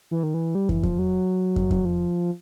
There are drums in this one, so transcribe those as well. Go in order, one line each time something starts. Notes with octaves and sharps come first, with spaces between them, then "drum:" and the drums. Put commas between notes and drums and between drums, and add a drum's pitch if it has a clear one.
E3
D#3
E3
G3
E3, drum: kick
F3, drum: kick
F#3
drum: kick
drum: kick
F3